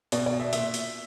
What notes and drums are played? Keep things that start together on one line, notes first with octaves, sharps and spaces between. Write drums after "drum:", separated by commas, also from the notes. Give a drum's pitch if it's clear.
B2 D5, drum: hi-hat
D5
E5
A#2 E5, drum: hi-hat
drum: hi-hat